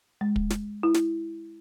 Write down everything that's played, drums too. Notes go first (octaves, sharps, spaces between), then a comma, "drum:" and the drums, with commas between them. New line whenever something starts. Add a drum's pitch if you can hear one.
G#3
drum: kick
drum: snare
E4
drum: snare